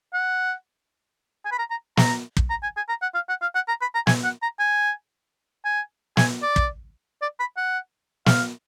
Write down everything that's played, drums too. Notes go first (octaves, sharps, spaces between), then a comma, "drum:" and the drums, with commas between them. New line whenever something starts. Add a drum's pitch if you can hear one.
F#5
G#5
B5
A#5
A#5
A#5, drum: snare
drum: kick
A#5
G#5
G#5
A#5
F#5
F5
F#5
F5
F#5
A#5
B5
A#5
G#5, drum: snare
F#5
A#5
G#5
G#5
G#5, drum: snare
D5
drum: kick
D5
B5
F#5
F5, drum: snare